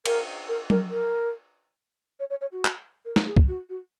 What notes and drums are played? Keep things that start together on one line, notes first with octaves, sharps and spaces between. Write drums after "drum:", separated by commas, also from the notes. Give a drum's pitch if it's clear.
A#4, drum: cymbal
A#4
A#4, drum: tom
A#4
C#5
C#5
C#5
F#4
drum: clap
A#4
drum: snare
G#4
drum: kick
F#4
F#4